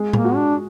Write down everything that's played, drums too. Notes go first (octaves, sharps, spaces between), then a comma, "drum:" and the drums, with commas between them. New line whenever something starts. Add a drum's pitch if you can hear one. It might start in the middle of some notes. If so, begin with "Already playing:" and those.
Already playing: G#3
A#3, drum: tom A2
F#4
D4